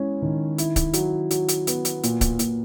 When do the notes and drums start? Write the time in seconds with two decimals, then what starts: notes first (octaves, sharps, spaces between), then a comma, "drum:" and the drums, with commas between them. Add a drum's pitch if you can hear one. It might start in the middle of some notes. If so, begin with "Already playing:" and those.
Already playing: G#3 C#4 E4
0.22 D#3
0.58 E4, drum: hi-hat
0.76 drum: kick C#1, hi-hat
0.93 F#3, drum: hi-hat
1.31 F#3, drum: hi-hat
1.48 drum: hi-hat
1.67 B3, drum: hi-hat
1.85 drum: hi-hat
2.03 A#2, drum: hi-hat
2.21 drum: kick C#1, hi-hat
2.39 A#2, drum: hi-hat